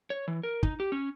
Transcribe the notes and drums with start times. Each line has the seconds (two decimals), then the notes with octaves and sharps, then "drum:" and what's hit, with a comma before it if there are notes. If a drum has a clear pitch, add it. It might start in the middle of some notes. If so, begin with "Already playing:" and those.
0.10 C#5
0.28 E3
0.43 A#4
0.63 D#4, drum: kick
0.80 G4
0.92 C#4